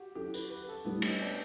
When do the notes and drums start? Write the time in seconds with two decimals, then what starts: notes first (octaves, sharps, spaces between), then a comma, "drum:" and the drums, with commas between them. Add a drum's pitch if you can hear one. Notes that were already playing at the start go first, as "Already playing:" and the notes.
Already playing: F#4 G4
0.15 F#3 C#4 E4 G4 A4
0.34 B4, drum: tambourine
0.50 B4
0.63 B4
0.69 A4
0.85 A2 G3 B3 D4 G4
1.02 C#4, drum: cymbal
1.20 D4